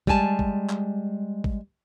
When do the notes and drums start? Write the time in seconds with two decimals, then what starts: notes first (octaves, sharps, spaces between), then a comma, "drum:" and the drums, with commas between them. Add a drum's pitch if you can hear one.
0.07 G3 G#3 G#5 A5, drum: kick G#1
0.39 drum: kick G#1
0.69 drum: clap
1.44 drum: kick G#1